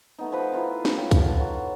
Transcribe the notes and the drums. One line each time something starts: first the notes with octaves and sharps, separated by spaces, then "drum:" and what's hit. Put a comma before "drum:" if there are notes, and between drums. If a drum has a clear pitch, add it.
A3 B3 D#4
F3 B4 B5
D#3 E4 F4 B4
drum: snare
C#5 F5 G5 B5
drum: kick, hi-hat
A4
F#3